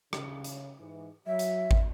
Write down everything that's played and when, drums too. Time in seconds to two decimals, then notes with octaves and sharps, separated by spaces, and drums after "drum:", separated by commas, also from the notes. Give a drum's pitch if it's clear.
0.13 C#3, drum: rim click
0.44 drum: hi-hat
0.80 G#2 E3
1.27 F#3 E5
1.39 drum: hi-hat
1.71 drum: kick G#1